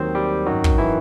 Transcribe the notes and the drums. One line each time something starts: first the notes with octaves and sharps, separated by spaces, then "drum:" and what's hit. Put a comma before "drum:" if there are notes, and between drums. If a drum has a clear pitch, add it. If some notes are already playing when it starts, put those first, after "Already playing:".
Already playing: D#2 D#3 F#3 C4 C5
G3 G4
G#1 F#2 D#3 F#3 F#4
drum: kick
E3 E4